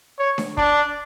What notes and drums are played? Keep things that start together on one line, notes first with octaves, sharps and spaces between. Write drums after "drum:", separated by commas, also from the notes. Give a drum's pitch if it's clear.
C#5
drum: snare D4
D4, drum: kick